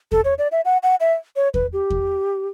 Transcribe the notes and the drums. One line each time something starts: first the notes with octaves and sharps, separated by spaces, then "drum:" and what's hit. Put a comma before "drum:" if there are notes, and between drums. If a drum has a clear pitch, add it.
A4, drum: kick E2
C#5
D5
E5
F#5
F#5
E5
C#5
B4, drum: kick E2
G4
drum: kick E2